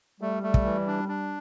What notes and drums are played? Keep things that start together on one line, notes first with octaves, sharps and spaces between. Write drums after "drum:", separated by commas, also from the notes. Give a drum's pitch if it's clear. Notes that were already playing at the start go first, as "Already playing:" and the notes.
G3 A3
A3
drum: kick
E3
D4
D4